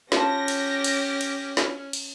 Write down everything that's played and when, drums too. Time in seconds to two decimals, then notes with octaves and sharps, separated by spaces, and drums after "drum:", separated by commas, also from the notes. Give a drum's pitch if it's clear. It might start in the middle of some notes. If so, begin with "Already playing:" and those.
0.12 C#4 F4 G4 A5 A#6, drum: snare
0.48 drum: cymbal
0.84 drum: cymbal
1.21 drum: cymbal
1.57 drum: snare
1.93 drum: cymbal